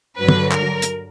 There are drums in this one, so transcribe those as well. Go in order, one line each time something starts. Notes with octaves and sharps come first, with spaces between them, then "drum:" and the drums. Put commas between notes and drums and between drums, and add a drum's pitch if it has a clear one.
G2 D3 F#3 B4
drum: tom
A#4, drum: clap
drum: hi-hat